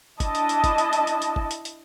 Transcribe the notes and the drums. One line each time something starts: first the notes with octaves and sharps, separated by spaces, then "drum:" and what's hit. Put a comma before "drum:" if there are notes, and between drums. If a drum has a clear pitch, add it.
D4 E4 D#5 A5, drum: kick, hi-hat
drum: hi-hat
drum: hi-hat
drum: kick, hi-hat
drum: hi-hat
drum: hi-hat
drum: hi-hat
drum: hi-hat
drum: kick
drum: hi-hat
drum: hi-hat